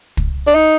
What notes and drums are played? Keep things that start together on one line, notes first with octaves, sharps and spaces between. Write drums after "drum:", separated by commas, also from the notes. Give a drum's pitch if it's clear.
drum: kick
D4
D#4